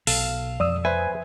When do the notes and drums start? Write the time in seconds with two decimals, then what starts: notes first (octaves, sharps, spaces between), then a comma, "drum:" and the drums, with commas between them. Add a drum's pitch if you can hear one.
0.07 B1 A4 F5, drum: open hi-hat
0.60 F2 D5 D#6 E6
0.85 B4 C5 E5 G#5